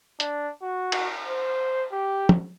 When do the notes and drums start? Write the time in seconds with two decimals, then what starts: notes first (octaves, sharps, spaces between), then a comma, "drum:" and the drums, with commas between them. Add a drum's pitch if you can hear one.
0.20 D4, drum: hi-hat
0.62 F#4
0.92 drum: cymbal
1.26 C5
1.92 G4
2.29 drum: tom